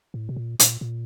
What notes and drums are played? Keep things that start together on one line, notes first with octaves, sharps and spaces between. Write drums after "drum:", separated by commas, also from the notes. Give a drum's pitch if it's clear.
A2
B2
A#2
A#2, drum: hi-hat
A#2